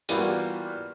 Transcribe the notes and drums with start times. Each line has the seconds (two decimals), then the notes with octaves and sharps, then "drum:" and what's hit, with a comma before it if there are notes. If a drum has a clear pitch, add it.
0.09 E3 G3 A#3 B3 F4 F#4, drum: hi-hat